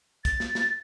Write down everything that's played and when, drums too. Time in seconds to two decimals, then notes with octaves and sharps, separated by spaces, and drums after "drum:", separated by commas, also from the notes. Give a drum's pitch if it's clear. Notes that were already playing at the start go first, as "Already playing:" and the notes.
0.25 A6, drum: kick, hi-hat
0.40 drum: snare
0.55 drum: snare